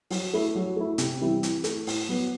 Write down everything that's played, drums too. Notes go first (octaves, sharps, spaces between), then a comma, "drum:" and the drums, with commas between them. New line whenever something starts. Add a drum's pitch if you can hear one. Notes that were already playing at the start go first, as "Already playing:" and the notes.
F#3, drum: open hi-hat
A3 E4
F#3
A3 E4
C3, drum: hi-hat
E3 G3 C4 E4
E3, drum: hi-hat
A3 E4, drum: hi-hat
A2, drum: open hi-hat
F#3 B3